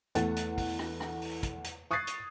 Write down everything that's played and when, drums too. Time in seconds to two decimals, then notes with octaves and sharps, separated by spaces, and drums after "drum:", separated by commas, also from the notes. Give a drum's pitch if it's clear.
0.15 E2 A3 F#5 A6, drum: hi-hat
0.36 drum: hi-hat
0.58 drum: kick, open hi-hat
0.79 drum: rim click
1.00 drum: rim click
1.22 drum: open hi-hat
1.43 drum: kick, hi-hat
1.64 drum: hi-hat
1.91 C#6 D#6 F#6 G#6 A6 C7
2.07 drum: hi-hat